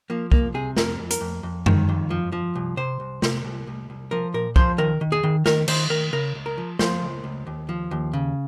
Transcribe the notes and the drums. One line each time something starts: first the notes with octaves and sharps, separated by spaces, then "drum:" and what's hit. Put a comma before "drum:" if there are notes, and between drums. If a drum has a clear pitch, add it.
F3 A#3
C2 A#3, drum: kick
C3 G#4
F2 A#4, drum: snare
F2
A#4, drum: hi-hat
F2
F2
D#3, drum: tom F#2
F2
F3
F3
C2
C3 C5
C2
C3, drum: snare
C2
C2
C2
F3 A#4
A#2 A#4
F3 C5, drum: kick
D#3 A#4
D#3
G#4
D#3
D#3 A#4, drum: snare
D#3 C5, drum: cymbal
D#3 A#4
C#3 A#4
C#2
A#4
F3
F3 C5, drum: snare
C#2
C#2
D#2
F3
D#2
C#3